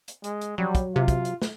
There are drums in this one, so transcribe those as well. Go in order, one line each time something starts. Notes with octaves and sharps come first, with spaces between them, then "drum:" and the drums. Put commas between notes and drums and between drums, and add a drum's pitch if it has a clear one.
drum: hi-hat
G#3, drum: hi-hat
drum: hi-hat
F#3 G3, drum: tom F3
drum: kick, hi-hat
C3 F4
drum: kick, hi-hat
drum: hi-hat
drum: snare